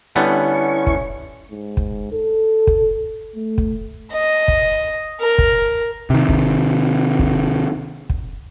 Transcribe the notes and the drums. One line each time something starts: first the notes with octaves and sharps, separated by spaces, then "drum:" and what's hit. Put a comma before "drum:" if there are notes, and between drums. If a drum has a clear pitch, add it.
D3 G3 B3 C#4 E4 C#6
drum: kick
G#2
drum: kick
A4
drum: kick
A3
drum: kick
D#5
drum: kick
A#4
drum: kick
C3 D#3
drum: kick
drum: kick
drum: kick